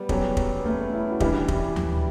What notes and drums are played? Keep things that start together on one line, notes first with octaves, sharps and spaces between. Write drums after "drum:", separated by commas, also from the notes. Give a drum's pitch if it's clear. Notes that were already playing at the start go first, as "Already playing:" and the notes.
Already playing: G3 B3
E2 B2 F#3 C#4 G4, drum: kick
drum: kick
B3
A3 C#4
C#4 E4
F#4
E3 G3 C#4 D4 E4 G4, drum: kick
drum: kick
drum: tom D#2